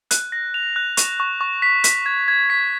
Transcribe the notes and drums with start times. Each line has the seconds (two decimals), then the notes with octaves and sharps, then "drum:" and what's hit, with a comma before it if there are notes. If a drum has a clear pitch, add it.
0.11 F#6, drum: hi-hat
0.32 A#6
0.54 F7
0.76 F#6
0.97 C#6, drum: hi-hat
1.20 C#6
1.41 C#6
1.62 B6
1.84 B6, drum: hi-hat
2.06 G#6
2.28 G#6
2.50 B6